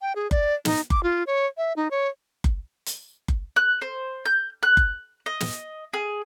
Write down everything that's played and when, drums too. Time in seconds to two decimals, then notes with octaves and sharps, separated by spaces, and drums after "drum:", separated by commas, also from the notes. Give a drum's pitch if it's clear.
0.02 G5
0.16 G#4
0.31 D5, drum: kick F#1
0.65 D#4, drum: snare
0.90 D6, drum: kick F#1
1.03 F4
1.27 C#5
1.57 E5
1.76 D#4
1.91 C#5
2.44 drum: kick F#1
2.86 drum: hi-hat
3.28 drum: kick F#1
3.56 F#6
3.82 C5
4.26 G6
4.63 F#6
4.77 drum: kick F#1
5.26 D#5
5.41 drum: snare
5.94 G#4